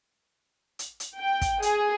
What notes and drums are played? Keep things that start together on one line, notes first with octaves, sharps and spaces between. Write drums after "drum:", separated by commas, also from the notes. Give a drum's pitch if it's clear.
drum: hi-hat
drum: hi-hat
G5
drum: kick, hi-hat
G#4, drum: hi-hat